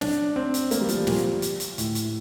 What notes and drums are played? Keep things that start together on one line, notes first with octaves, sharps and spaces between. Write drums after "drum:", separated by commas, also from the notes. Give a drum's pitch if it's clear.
D4, drum: snare
C4
drum: hi-hat
A#3, drum: hi-hat
G3
F3, drum: hi-hat
G3
A#2, drum: snare
drum: hi-hat
drum: hi-hat
A2, drum: hi-hat
drum: hi-hat